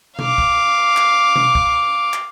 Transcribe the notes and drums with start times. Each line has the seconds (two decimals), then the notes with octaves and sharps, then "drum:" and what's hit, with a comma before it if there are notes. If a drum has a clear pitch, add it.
0.19 F5 D6, drum: tom B2
0.38 drum: kick
0.97 drum: clap
1.36 drum: tom B2
1.55 drum: kick
2.14 drum: clap